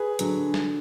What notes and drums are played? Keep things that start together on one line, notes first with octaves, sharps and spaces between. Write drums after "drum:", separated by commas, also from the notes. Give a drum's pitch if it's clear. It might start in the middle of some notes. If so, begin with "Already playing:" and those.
Already playing: G#4 B4
D3 F#3, drum: hi-hat
drum: snare